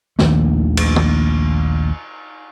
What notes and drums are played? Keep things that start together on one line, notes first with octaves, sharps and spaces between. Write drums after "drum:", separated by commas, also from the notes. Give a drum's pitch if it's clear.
A#1 D#2 D#3 A3, drum: snare
drum: cymbal
drum: tom